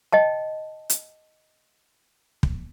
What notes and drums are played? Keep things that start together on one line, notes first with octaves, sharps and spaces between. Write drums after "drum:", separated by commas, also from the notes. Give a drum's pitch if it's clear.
D#5 G5 A5
drum: hi-hat
drum: kick